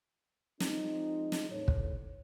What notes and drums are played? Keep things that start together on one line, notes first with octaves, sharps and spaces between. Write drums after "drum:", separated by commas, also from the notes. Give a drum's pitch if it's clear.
F3 G#3 C4 D#4, drum: snare
drum: snare
E2 A2 C#5
drum: kick